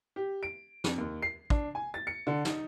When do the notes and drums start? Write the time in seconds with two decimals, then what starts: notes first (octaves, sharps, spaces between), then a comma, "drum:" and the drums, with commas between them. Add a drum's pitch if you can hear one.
0.16 G4
0.43 D7
0.84 F2, drum: snare
0.98 D#2
1.22 C7
1.50 D4, drum: kick
1.75 G#5
1.94 A6
2.07 C#7
2.27 D3
2.45 D#4, drum: snare